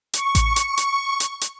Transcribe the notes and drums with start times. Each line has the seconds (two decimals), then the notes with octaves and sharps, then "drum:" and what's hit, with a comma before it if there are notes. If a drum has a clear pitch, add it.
0.13 C#6, drum: hi-hat
0.35 drum: kick A1, hi-hat
0.56 drum: hi-hat
0.77 drum: hi-hat
1.20 drum: hi-hat
1.41 drum: hi-hat